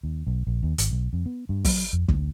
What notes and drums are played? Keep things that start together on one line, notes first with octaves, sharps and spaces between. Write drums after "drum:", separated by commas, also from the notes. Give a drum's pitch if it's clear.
D#2
B1
A#1
D#2
G#1, drum: hi-hat
B1
F2
B3
G2
F#3, drum: kick, open hi-hat
F2
D2, drum: kick